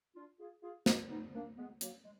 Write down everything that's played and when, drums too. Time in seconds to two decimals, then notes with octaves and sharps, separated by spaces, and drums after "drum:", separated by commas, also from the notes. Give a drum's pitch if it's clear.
0.16 D4 F4
0.39 F4 G#4
0.62 F4 G#4
0.86 D#4 F#4, drum: snare
1.10 B3 D#4
1.34 A#3 D4
1.57 G#3 B3
1.81 F#3 A#3, drum: hi-hat
2.04 G#3